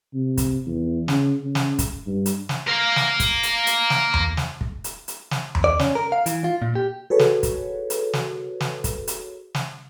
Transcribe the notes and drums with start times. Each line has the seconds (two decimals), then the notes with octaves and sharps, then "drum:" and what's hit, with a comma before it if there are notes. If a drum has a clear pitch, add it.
0.14 C3
0.38 drum: kick, hi-hat
0.66 E2
1.08 C#3, drum: snare
1.42 C#3
1.55 drum: snare
1.79 drum: kick, hi-hat
2.06 G2
2.26 drum: hi-hat
2.49 drum: snare
2.67 A#4 F5
2.96 drum: snare
3.20 drum: kick, hi-hat
3.43 drum: hi-hat
3.67 drum: hi-hat
3.90 drum: snare
4.14 drum: tom E2
4.37 drum: snare
4.61 drum: kick
4.84 drum: hi-hat
5.08 drum: hi-hat
5.31 drum: snare
5.55 drum: tom E2
5.64 D5
5.79 C#4, drum: snare
5.95 A#4
6.12 F5
6.26 E3, drum: hi-hat
6.44 F4
6.62 A#2
6.75 G4
7.10 F#4 G#4 A4 B4 C#5
7.19 drum: snare
7.43 drum: kick, hi-hat
7.90 drum: hi-hat
8.13 drum: snare
8.60 drum: snare
8.84 drum: kick, hi-hat
9.08 drum: hi-hat
9.55 drum: snare